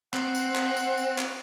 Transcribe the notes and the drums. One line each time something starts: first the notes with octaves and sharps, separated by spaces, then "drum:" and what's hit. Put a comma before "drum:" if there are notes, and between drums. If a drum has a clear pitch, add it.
C4 F#5, drum: clap
drum: tambourine
drum: clap
drum: tambourine
drum: tambourine
drum: clap